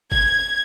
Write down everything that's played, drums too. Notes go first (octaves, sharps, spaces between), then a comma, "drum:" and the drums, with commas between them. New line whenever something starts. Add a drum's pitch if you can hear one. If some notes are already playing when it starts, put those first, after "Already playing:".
G#6, drum: kick G1